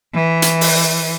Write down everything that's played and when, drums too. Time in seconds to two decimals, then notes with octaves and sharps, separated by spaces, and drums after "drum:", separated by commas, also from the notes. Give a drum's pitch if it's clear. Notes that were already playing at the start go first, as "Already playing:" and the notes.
0.14 E3
0.42 drum: hi-hat
0.61 drum: open hi-hat